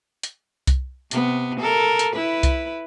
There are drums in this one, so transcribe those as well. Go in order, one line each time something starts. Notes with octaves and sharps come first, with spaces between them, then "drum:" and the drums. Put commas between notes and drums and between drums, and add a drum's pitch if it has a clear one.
drum: hi-hat
drum: kick C2, hi-hat
C3 B3, drum: hi-hat
A4 A#4
drum: hi-hat
E4 B4
drum: kick C2, hi-hat